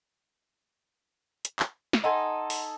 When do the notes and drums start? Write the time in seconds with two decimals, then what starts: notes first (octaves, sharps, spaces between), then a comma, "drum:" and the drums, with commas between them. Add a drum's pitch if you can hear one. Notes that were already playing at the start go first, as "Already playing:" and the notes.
1.45 drum: hi-hat
1.59 drum: clap
1.93 drum: snare
2.04 D#4 A4 D#5 F#5 G#5 C6
2.50 drum: open hi-hat